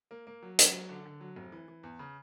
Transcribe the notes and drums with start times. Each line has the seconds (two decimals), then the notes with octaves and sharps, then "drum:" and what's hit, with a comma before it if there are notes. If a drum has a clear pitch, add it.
0.11 A#3
0.27 A#3
0.42 F#3
0.59 F#3, drum: hi-hat
0.73 F#3
0.89 D3
1.06 D3
1.21 F#3
1.36 F1
1.52 E3
1.68 E3
1.83 E2
1.99 C#3